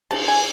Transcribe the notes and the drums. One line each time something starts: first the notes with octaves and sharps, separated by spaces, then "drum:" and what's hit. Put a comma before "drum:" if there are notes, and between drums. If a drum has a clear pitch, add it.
C#3 A5, drum: cymbal
G#5